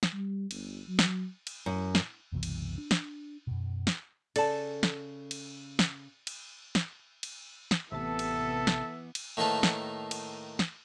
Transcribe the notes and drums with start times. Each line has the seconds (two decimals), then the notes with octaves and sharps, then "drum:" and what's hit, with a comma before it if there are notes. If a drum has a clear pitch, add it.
0.03 drum: snare
0.13 G3
0.51 G1, drum: cymbal
0.88 F#3
0.99 drum: snare
1.47 drum: cymbal
1.66 F#2
1.95 drum: snare
2.32 F#1 C2 B2 E3
2.43 drum: cymbal
2.78 D4
2.91 drum: snare
3.47 F#2 B2
3.87 drum: snare
4.36 C#3 A4 D5 A5, drum: cymbal
4.83 drum: snare
5.31 drum: cymbal
5.79 drum: snare
6.27 drum: cymbal
6.75 drum: snare
7.23 drum: cymbal
7.71 drum: snare
7.92 A1 C3 E3 B3 A4 E5 A5
8.19 drum: cymbal
8.67 drum: snare
9.15 drum: cymbal
9.37 A2 D#3 A#3 B4 A5
9.63 drum: snare
10.11 drum: cymbal
10.59 drum: snare